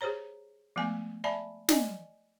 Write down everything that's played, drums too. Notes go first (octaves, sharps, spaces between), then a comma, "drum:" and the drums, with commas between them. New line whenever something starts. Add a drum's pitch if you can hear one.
G4 G#4 C5 C#5 A#5
F3 G#3 A3 B3 G#5
D5 E5 G#5 A5 B5
D5 D#5 G#5, drum: snare